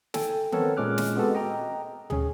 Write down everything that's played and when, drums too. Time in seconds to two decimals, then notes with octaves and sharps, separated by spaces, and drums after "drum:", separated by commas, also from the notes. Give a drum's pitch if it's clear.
0.14 A4 G5 G#5, drum: snare
0.52 B3 C4 A4 A#4 C#5, drum: tom D#3
0.77 A#2 G#3 C#4 D6 F6 F#6
0.98 drum: snare
1.17 G#3 B3 C4 F#4 A4
1.35 D#5 G5 A#5
2.10 C#4 G#4, drum: tom